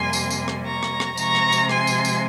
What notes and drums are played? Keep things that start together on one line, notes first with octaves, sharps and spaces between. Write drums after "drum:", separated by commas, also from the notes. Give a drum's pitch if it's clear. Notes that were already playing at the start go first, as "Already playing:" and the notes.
Already playing: F2 C3 G3 A#3 G#5 C6
drum: tambourine
drum: tambourine
drum: rim click
A#5 C#6
drum: rim click
drum: rim click
C3 F3 G#3 A#5 C#6, drum: tambourine
drum: rim click
drum: tambourine
G#5 C6, drum: rim click
drum: tambourine
drum: tambourine